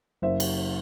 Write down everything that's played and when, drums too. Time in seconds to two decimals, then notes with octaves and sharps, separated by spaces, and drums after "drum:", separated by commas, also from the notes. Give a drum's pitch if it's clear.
0.22 F#1 C5 E5
0.40 drum: cymbal